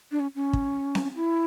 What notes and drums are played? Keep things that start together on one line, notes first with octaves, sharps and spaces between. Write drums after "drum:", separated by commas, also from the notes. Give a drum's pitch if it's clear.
D4
C#4
C#4
drum: kick
drum: snare C4
E4